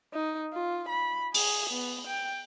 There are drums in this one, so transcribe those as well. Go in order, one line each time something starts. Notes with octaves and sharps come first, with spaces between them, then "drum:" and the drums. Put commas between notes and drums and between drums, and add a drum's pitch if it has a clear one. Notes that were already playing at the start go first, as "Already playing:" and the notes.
D#4
F4
B5
G#4, drum: open hi-hat
B3
G5